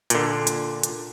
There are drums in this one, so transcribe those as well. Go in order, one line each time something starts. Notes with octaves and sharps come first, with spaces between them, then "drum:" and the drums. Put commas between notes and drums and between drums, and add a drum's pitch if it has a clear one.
A#2 D3, drum: hi-hat
drum: hi-hat
drum: hi-hat